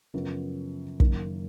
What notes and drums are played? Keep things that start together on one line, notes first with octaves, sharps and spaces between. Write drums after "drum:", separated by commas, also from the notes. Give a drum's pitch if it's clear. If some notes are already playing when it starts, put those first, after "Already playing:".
F#2 C#3 F3 B3
F#1 F#2 D#3 A#3, drum: kick